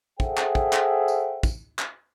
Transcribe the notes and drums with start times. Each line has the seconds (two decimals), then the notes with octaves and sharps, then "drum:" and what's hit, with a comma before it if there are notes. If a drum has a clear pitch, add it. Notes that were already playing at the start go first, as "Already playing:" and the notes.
0.20 G#4 A4 C5 E5 F#5 G5, drum: kick
0.37 drum: clap
0.55 drum: kick
0.73 drum: clap
1.08 drum: tambourine
1.43 drum: kick, tambourine
1.79 drum: clap